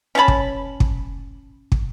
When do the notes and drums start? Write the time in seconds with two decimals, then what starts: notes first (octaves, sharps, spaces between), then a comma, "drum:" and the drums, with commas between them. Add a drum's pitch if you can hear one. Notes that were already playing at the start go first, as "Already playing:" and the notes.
0.15 C#4 C#5 A5 B5
0.28 drum: kick
0.80 drum: kick
1.72 drum: kick